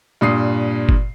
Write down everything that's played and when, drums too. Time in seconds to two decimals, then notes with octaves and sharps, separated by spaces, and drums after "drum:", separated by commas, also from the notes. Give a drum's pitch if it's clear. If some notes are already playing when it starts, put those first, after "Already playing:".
0.21 G2 A#2 D#6 C7
0.89 drum: kick G1